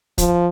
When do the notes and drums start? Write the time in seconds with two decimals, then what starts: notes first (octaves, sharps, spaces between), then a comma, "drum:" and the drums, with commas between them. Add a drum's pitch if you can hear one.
0.18 F3, drum: kick, hi-hat